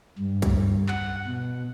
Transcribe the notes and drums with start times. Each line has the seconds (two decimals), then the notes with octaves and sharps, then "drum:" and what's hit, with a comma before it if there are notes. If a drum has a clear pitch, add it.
0.19 G2
0.42 drum: kick, hi-hat
0.88 F#5, drum: clap
1.27 B2